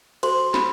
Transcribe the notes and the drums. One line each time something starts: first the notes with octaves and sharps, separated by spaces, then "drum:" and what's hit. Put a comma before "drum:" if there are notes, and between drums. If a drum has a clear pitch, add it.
F#4 A4 C5 C6, drum: cymbal
B5, drum: snare